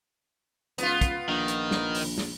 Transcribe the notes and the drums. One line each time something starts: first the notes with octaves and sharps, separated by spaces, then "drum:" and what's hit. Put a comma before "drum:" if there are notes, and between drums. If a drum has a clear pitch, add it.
C#2 B3 F4, drum: hi-hat
drum: kick, hi-hat
A#1 D#3
drum: hi-hat
drum: snare
drum: open hi-hat
drum: snare